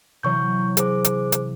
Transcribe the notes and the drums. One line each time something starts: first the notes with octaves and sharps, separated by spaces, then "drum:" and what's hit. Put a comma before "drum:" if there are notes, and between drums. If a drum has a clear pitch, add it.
C3 E3 F#3 C#5 C#6 G6
G#4 C5 D6, drum: hi-hat
drum: hi-hat
drum: hi-hat